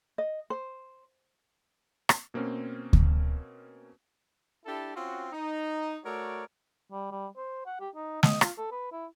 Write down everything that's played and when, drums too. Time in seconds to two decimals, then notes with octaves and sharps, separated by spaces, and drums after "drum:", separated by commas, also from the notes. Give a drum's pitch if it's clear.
0.18 D#5
0.50 C5
2.09 drum: rim click
2.34 B2 A#3 C4 C#4
2.93 drum: kick D2
4.66 D4 E4 G4 A4
4.96 C4 C#4 F4 F#4
5.33 D#4
6.05 A3 F#4 A#4 C#5 D5
6.92 G3
7.12 G3
7.37 C5
7.66 F#5
7.80 G4
7.95 D#4
8.23 D#5, drum: snare
8.41 F4, drum: rim click
8.58 A4
8.72 B4
8.92 E4